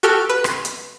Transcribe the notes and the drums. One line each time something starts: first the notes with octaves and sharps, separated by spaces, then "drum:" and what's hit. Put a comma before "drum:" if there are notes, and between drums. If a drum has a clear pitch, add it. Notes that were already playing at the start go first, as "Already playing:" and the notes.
F#4 G4 A4 F6
B4
drum: rim click
drum: hi-hat